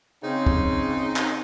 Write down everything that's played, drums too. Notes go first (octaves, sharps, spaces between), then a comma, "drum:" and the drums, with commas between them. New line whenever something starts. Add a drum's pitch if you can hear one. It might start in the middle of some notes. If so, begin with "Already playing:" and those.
C#3 C4 D#4
drum: kick
drum: clap